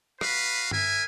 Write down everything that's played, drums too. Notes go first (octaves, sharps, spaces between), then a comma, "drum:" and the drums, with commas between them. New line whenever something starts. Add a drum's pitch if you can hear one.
F#4 B4 F5, drum: rim click
A#4 E5 G#5, drum: tom G2